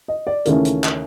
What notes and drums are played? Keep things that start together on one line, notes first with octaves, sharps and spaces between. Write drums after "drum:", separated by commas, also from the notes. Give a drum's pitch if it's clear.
D#5
D5
D#2 C#3 E3 A3 C#4 A#4, drum: hi-hat
drum: hi-hat
drum: clap